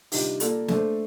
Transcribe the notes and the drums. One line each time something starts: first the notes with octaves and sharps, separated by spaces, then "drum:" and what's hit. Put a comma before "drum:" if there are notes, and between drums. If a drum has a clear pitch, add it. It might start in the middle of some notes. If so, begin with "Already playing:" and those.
C3 D#3 G3 D4 F4, drum: open hi-hat
A#3 F4 A4 D5, drum: hi-hat
A3 D4 A4 C5, drum: snare